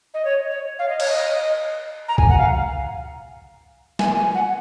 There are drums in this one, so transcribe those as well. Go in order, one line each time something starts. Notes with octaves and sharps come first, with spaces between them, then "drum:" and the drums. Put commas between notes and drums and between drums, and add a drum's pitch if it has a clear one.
D#5
C#5
C#5
F5
D#5
C#5, drum: cymbal
D#5
A#5
G#5, drum: kick C2
F#5
F5
G#5, drum: snare
G#5
F#5